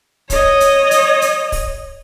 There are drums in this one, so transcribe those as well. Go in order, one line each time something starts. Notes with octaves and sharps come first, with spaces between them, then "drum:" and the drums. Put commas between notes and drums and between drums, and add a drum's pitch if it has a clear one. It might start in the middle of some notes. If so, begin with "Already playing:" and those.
C#5 D#5, drum: kick, hi-hat
drum: hi-hat
drum: hi-hat
drum: hi-hat
drum: kick, open hi-hat